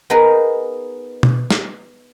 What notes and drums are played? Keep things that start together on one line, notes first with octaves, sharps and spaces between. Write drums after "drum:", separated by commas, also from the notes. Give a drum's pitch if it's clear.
B3 D#4 G#4 A#4 B4
drum: tom B2
drum: snare